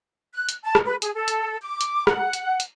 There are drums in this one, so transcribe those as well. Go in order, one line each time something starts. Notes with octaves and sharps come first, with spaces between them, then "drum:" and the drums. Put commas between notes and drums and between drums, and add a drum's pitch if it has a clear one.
F#6
drum: hi-hat
A5
drum: rim click
B4
G#4, drum: hi-hat
A4
drum: hi-hat
D6
drum: hi-hat
F#5, drum: rim click
drum: hi-hat
drum: hi-hat